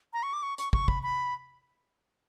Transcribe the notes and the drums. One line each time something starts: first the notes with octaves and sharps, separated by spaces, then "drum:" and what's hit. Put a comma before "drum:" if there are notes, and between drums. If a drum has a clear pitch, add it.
A#5
C#6
D6
C#6
C#6, drum: hi-hat
C#6, drum: kick
B5, drum: kick
B5